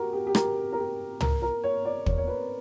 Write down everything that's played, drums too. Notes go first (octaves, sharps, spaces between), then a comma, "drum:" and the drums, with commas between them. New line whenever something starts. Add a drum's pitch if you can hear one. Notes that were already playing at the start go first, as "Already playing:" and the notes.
Already playing: F#4 G4 A#4
G4
G4
A#4, drum: rim click
A#4
G4
A#4, drum: tom
A#4
C#5
D5
C#5, drum: kick
C#5
B4